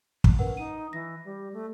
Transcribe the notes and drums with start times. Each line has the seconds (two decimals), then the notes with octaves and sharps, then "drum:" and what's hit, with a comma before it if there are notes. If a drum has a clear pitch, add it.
0.24 drum: kick
0.39 C#4 A#4 B4 F#5
0.57 D#4 D#7
0.93 E3 A#6
1.25 G3
1.53 A3